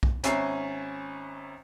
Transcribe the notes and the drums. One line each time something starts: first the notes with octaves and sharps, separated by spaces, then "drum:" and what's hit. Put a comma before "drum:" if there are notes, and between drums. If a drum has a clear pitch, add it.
drum: kick B1
G#1 C#4 E5 G#5 A#5 C7, drum: hi-hat